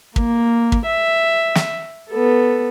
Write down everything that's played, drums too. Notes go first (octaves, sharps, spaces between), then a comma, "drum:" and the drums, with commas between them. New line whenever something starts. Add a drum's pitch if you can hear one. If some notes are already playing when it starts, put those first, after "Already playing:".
A#3, drum: kick
drum: kick
E5
drum: snare
B3 A4